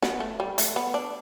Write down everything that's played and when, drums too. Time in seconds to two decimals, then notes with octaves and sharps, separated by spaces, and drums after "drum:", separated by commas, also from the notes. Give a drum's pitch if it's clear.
0.02 B3, drum: snare
0.20 A3
0.40 G3
0.58 A3, drum: hi-hat
0.76 B3
0.94 D4